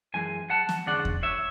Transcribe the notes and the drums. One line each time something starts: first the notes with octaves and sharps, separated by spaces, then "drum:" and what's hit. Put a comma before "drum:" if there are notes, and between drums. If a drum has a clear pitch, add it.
F#2 E3 G#3 G#5
F#5 A5
drum: snare
E2 D3 G#3 C#4 D5 F#5
drum: kick E2
C#5 E5